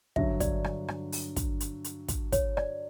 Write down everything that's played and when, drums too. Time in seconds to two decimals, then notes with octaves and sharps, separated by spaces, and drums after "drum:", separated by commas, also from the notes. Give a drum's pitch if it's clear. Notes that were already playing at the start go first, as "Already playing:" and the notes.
0.16 G2 D3 F#3 E5, drum: kick
0.40 D5, drum: kick, hi-hat
0.64 drum: rim click
0.88 drum: rim click
1.12 drum: open hi-hat
1.36 drum: kick, hi-hat
1.60 drum: hi-hat
1.84 drum: hi-hat
2.08 drum: kick, hi-hat
2.32 C#5, drum: kick, hi-hat
2.57 D5, drum: rim click